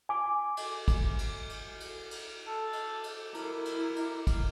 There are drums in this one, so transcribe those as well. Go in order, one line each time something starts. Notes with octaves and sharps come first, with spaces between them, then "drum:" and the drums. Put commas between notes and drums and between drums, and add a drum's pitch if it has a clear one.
G#5 D6
drum: cymbal
drum: kick, cymbal
drum: cymbal
drum: cymbal
drum: cymbal
drum: cymbal
A4
drum: cymbal
drum: cymbal
E4 A#4, drum: cymbal
drum: cymbal
drum: cymbal
drum: kick, cymbal